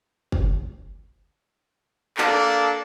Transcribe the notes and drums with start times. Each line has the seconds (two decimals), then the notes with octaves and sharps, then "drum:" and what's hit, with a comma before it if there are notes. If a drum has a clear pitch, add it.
0.32 drum: kick
2.17 A#3 D4 A4, drum: clap